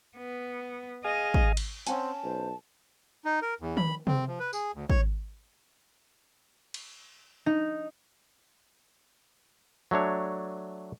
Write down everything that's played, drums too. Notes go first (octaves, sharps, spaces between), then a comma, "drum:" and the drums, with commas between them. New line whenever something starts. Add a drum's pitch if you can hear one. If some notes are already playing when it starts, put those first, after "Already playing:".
B3
G#4 D#5 F5 G#5
drum: kick
drum: cymbal
C4 C#4 F#5 G#5 A5, drum: hi-hat
B1 C5
D#4
A#4
E2
B5, drum: tom D#3
C4, drum: tom C3
F3
B4
G#4, drum: tambourine
D2
C#5, drum: kick
drum: cymbal
D#4
F#3 A3 D4 C#5